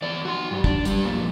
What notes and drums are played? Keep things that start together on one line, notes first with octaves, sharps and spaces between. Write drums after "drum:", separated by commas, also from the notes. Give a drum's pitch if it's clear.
E3 D5
F#4 C6
G2 G3
D4, drum: kick
G3 D4, drum: hi-hat
F2 A#2